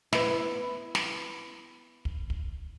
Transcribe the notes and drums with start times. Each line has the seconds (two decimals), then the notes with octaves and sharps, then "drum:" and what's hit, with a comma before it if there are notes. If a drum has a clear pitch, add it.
0.13 B3 E4, drum: snare
0.95 drum: snare
2.05 drum: kick
2.30 drum: kick